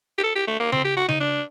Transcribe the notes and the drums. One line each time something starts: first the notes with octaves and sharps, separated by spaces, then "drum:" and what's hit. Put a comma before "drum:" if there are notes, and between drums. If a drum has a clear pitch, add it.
G4
A4
G4
A3
A#3
C4, drum: tom C#3
G4
F#4
D#4, drum: tom C#3
D4